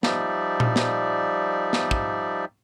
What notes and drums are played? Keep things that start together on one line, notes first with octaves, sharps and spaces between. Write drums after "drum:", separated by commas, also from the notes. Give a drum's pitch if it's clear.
F3 G3 D#4 D5 E5, drum: snare
drum: tom A#2
drum: snare
drum: snare
drum: kick